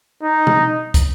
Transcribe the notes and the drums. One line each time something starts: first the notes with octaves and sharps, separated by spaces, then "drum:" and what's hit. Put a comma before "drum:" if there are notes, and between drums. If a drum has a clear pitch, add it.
D#4
drum: tom B2
drum: kick, hi-hat